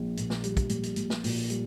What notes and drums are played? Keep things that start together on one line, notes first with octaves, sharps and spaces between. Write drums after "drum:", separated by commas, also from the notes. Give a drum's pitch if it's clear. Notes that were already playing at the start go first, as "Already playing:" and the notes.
Already playing: A#1
A#2, drum: hi-hat
drum: snare
G3, drum: hi-hat
drum: kick, hi-hat
A#1, drum: hi-hat
drum: hi-hat
A#1, drum: hi-hat
drum: snare
A#2, drum: open hi-hat
G3, drum: hi-hat